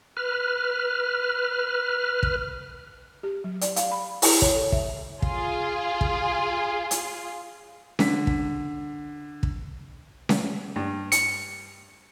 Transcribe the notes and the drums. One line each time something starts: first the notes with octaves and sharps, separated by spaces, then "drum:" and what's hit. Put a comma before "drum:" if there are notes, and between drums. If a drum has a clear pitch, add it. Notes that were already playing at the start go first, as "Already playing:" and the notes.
B4 F6
drum: kick
G4
F#3
D5, drum: hi-hat
F5, drum: hi-hat
B5
E4, drum: open hi-hat
C#5, drum: kick
A4
E5, drum: kick
F4 G#4, drum: kick
drum: kick
drum: hi-hat
D3 B6, drum: snare C#4
drum: kick
drum: kick
drum: snare C#4
G2
C#7, drum: hi-hat